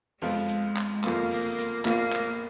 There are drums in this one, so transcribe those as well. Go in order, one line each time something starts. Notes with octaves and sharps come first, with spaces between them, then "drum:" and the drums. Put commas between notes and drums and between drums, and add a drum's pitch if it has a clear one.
F2 F3 G#3 B3 F4, drum: open hi-hat
drum: hi-hat
drum: clap
F2 F3 A#3 B3 F4, drum: clap
drum: open hi-hat
drum: hi-hat
A#1 A#2 F3 A#3 B3 F4, drum: clap
drum: clap